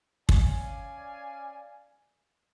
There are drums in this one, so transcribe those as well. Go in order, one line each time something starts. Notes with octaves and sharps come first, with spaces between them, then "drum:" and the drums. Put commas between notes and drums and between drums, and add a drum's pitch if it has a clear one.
C#4 D5 F5 G#5, drum: kick